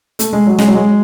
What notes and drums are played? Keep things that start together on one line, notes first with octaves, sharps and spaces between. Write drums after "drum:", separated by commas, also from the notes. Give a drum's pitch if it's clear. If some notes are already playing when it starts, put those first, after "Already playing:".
A3, drum: hi-hat
G#3
F#3
G#3, drum: snare
F#3
G#3